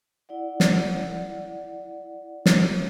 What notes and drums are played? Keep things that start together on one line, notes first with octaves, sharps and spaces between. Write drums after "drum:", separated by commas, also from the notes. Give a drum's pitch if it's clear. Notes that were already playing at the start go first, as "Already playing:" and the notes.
E4 D5 F#5
drum: snare
drum: snare